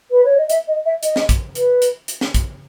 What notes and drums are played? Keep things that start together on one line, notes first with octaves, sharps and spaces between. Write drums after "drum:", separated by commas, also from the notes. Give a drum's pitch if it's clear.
B4
C#5
D#5
E5, drum: hi-hat
D#5
E5
D#5, drum: hi-hat
drum: snare
drum: kick, hi-hat
B4, drum: hi-hat
drum: hi-hat
drum: hi-hat
drum: snare
drum: kick, hi-hat